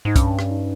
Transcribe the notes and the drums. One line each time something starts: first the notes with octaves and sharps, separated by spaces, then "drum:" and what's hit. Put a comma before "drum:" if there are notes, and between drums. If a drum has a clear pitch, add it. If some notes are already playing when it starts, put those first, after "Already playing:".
G#2 D#4
G2 C#4, drum: kick C2, hi-hat
drum: rim click
D#4